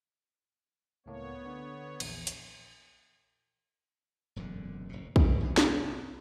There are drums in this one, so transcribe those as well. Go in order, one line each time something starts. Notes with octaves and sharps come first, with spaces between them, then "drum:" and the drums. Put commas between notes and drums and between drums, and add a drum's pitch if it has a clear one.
C#2 A2 A#3 B3 C#5
D3
A#1 E2, drum: cymbal
drum: hi-hat
E1 F#2 A#2 D3
F1 B2
B2, drum: kick
G#1 A2 F#3 D4
C2 C4, drum: snare